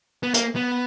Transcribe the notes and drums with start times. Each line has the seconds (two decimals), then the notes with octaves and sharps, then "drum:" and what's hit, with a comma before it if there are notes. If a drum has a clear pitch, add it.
0.23 B3
0.34 A#3, drum: hi-hat
0.55 B3